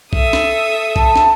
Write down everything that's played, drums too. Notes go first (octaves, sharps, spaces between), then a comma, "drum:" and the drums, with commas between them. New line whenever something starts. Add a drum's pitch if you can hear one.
A4 E5 D#6, drum: kick
drum: snare
A5, drum: kick
drum: snare